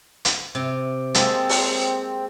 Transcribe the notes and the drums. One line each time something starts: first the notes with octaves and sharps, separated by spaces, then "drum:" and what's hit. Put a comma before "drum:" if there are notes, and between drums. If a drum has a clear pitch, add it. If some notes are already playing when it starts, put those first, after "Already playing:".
drum: hi-hat
C3
G#3 A#3 C4 A4, drum: hi-hat
drum: open hi-hat